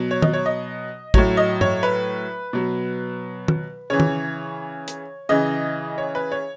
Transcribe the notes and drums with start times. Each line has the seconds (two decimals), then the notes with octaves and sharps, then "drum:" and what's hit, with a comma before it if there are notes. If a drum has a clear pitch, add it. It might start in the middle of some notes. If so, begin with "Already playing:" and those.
Already playing: B2 F#3
0.11 C#5
0.22 D#5, drum: tom
0.34 C#5
0.46 D#5
1.14 A2 F#3 C#5, drum: kick
1.37 D#5
1.61 C#5, drum: tom G2
1.83 B4
2.53 B2 F#3
3.48 drum: tom
3.90 C#3 E3 C#5
4.00 drum: tom
4.88 drum: hi-hat
5.29 C#3 E3 D#5
5.98 C#5
6.15 B4
6.32 C#5